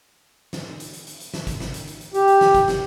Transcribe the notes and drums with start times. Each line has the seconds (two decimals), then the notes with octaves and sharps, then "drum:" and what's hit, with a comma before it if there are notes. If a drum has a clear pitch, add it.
0.53 drum: snare
0.80 drum: hi-hat
0.93 drum: hi-hat
1.07 drum: hi-hat
1.20 drum: hi-hat
1.34 drum: snare
1.47 drum: kick, hi-hat
1.60 drum: snare
1.74 drum: hi-hat
1.87 drum: hi-hat
2.01 drum: hi-hat
2.14 G4, drum: hi-hat
2.28 drum: hi-hat
2.41 drum: snare
2.55 drum: kick, hi-hat
2.68 drum: snare